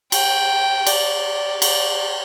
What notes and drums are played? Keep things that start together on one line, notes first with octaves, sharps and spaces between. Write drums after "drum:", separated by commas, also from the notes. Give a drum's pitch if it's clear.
G5, drum: cymbal
D5, drum: cymbal
D5, drum: cymbal